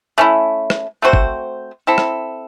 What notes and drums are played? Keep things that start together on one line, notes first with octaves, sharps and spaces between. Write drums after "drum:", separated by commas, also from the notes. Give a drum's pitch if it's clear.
A3 C#4 E4
drum: rim click
A3 C4 F#4 C5
drum: kick
C4 E4 A4
drum: rim click